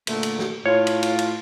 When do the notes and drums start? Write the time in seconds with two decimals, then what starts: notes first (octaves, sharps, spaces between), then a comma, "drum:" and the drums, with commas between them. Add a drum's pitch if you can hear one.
0.07 A#2 D3 A3, drum: cymbal
0.23 drum: cymbal
0.39 drum: snare
0.66 A2 F4 C#5
0.87 drum: cymbal
1.03 drum: cymbal
1.19 drum: cymbal